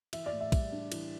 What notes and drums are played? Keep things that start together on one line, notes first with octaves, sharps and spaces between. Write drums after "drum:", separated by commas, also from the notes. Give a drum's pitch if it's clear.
E3 E5, drum: cymbal
D5
A2
E5
G3, drum: kick, cymbal
D4
E3, drum: cymbal